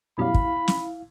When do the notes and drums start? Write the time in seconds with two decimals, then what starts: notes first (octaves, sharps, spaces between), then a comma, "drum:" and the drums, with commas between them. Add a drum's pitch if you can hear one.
0.18 F#2 B2 G3 E4 F5 B5
0.34 drum: kick
0.68 drum: snare